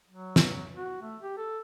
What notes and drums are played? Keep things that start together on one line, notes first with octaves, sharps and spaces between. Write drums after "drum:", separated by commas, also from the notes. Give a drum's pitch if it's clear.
F#3
drum: snare
F#4
A3
G4
A4